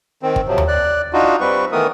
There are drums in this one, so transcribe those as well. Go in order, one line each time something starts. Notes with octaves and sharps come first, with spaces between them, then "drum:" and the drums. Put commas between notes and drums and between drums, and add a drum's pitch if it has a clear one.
D#3 C4
drum: kick
C3 F3 F#3
drum: tom D#2
D5 F#6
D4 D#4 F4 F#4
G3 C4 B4 C#6
D#3 E3 A3 B3 A#4 D#6